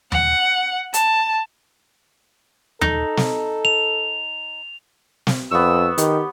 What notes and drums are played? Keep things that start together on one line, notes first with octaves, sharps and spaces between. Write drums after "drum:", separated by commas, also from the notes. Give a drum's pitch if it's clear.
F#5, drum: tom D#2
A5, drum: hi-hat
D#4 A4, drum: tom D#2
drum: snare
F7
drum: snare
F2 B3 C#5 E6
D#3 G4, drum: hi-hat